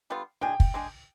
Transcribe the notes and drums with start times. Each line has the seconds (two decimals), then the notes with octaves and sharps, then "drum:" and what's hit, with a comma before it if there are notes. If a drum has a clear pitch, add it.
0.10 D3 G3 B3 F4
0.41 G#3 D4 G#4 G5
0.60 drum: kick
0.74 G#3 D4 G#4